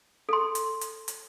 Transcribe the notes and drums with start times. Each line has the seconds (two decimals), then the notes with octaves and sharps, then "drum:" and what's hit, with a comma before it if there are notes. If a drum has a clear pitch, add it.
0.29 A4 C6
0.55 drum: hi-hat
0.81 drum: hi-hat
1.08 drum: hi-hat